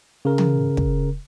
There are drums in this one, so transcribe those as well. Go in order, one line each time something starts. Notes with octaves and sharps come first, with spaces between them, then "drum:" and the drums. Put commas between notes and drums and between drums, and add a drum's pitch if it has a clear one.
C#3 A#4
drum: tom
drum: kick